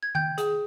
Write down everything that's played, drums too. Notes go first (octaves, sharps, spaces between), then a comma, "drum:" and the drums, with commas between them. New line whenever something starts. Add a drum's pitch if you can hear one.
G#6
G5 G6, drum: tom D#3
G#4, drum: hi-hat